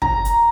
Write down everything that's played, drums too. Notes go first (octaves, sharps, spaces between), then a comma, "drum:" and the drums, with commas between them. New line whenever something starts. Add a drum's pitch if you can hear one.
A#5, drum: kick
drum: hi-hat